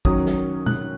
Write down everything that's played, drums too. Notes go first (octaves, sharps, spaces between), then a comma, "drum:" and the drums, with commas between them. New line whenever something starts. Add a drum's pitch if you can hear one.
F#2 D#3 F#3 C#4 D#6, drum: kick
drum: snare
F#6, drum: tom B2